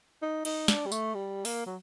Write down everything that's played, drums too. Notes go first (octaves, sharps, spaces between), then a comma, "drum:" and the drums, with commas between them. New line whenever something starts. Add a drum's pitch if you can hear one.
D#4
D#4, drum: cymbal
D4, drum: snare
G3
A3, drum: tambourine
G3
A#3, drum: open hi-hat
F#3